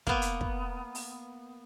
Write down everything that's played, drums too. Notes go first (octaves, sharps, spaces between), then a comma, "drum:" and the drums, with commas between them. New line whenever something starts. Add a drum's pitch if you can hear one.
A#3 B3, drum: kick
drum: hi-hat
drum: kick
drum: open hi-hat